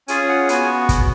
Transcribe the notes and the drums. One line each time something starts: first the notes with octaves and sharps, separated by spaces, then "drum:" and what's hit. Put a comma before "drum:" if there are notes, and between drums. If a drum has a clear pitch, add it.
C#4 F4 G#4 G#5, drum: hi-hat
F#5
B3 F#4 G#5, drum: hi-hat
drum: kick, hi-hat